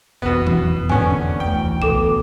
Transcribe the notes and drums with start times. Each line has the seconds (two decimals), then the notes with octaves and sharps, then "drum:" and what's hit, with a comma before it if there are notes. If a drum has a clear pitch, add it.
0.22 F1 B1 E2 B2 B3
0.47 drum: tom E3
0.89 D3 B3 C#4 G#5 C#6, drum: tom G#2
1.40 D2 E3 G5
1.82 D2 B2 A4 D6 E7, drum: kick